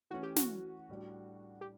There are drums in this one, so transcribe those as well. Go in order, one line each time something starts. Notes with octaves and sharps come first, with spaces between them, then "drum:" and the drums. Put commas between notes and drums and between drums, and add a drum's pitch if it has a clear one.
E3 A3 C#4 F#4
G4
F#4, drum: snare
A2 G3 D4
G4